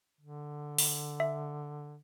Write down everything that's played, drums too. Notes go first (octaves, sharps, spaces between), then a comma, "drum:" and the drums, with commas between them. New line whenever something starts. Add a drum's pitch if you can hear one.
D3
drum: open hi-hat
E5